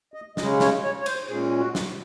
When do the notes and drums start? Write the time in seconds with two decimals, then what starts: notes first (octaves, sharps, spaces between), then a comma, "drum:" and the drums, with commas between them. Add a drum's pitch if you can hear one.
0.14 D#5
0.37 C#3 G#3 C#4 D#5, drum: snare
0.60 C#5, drum: snare
0.84 C#5
1.01 C#5
1.06 C5, drum: cymbal
1.29 A#2 G#3 C#4 G#4
1.59 F#4
1.75 drum: snare